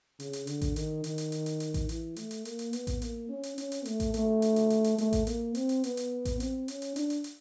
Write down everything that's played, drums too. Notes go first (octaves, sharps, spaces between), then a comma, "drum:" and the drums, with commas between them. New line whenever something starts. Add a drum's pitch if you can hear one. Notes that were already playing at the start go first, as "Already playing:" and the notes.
C#3, drum: hi-hat
drum: hi-hat
D3, drum: hi-hat
drum: kick A1, hi-hat
D#3, drum: hi-hat
D#3, drum: hi-hat
drum: hi-hat
drum: hi-hat
drum: hi-hat
drum: hi-hat
drum: kick A1, hi-hat
E3, drum: hi-hat
A3, drum: hi-hat
drum: hi-hat
A#3, drum: hi-hat
drum: hi-hat
B3, drum: hi-hat
drum: kick A1, hi-hat
A#3, drum: hi-hat
C#4
drum: hi-hat
C#4, drum: hi-hat
drum: hi-hat
A3, drum: hi-hat
drum: kick A1, hi-hat
A3, drum: hi-hat
drum: hi-hat
drum: hi-hat
drum: hi-hat
drum: hi-hat
A3, drum: hi-hat
drum: kick A1, hi-hat
A#3, drum: hi-hat
C4, drum: hi-hat
drum: hi-hat
B3, drum: hi-hat
drum: hi-hat
drum: kick A1, hi-hat
C4, drum: hi-hat
C#4, drum: hi-hat
drum: hi-hat
D4, drum: hi-hat
drum: hi-hat
drum: hi-hat